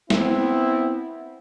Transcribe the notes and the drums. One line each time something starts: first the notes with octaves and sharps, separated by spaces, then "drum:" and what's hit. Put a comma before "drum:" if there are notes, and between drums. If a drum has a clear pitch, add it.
B3 C4 E4, drum: snare